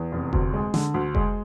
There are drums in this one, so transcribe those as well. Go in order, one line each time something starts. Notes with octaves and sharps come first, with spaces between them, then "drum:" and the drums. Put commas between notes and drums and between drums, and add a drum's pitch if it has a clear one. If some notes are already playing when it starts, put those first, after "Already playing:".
Already playing: E2
F1
D2, drum: kick F1
G#3
D3, drum: snare
D2
G#3, drum: kick F1